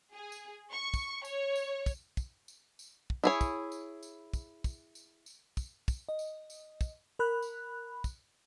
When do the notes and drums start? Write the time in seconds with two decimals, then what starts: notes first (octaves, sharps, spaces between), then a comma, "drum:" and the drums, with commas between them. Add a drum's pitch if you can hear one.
0.14 G#4
0.32 drum: tambourine
0.71 C#6
0.94 drum: kick, tambourine
1.25 C#5, drum: tambourine
1.55 drum: tambourine
1.86 drum: kick, tambourine
2.17 drum: kick, tambourine
2.48 drum: tambourine
2.79 drum: tambourine
3.10 drum: kick
3.24 E4 G#4 C#5
3.41 drum: kick, tambourine
3.72 drum: tambourine
4.03 drum: tambourine
4.34 drum: kick, tambourine
4.64 drum: kick, tambourine
4.95 drum: tambourine
5.26 drum: tambourine
5.57 drum: kick, tambourine
5.88 drum: kick, tambourine
6.09 D#5
6.19 drum: tambourine
6.50 drum: tambourine
6.81 drum: kick, tambourine
7.19 A#4 B5 F#6
7.42 drum: tambourine
8.04 drum: kick, tambourine